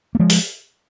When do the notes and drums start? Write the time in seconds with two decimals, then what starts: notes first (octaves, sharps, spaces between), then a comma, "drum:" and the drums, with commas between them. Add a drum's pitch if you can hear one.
0.15 A#3
0.20 F3 G#3
0.30 drum: open hi-hat